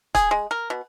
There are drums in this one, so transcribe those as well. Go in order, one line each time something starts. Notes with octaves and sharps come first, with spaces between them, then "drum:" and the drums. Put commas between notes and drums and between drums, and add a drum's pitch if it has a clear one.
G#4, drum: kick C#1, hi-hat
G#3
A#4
B2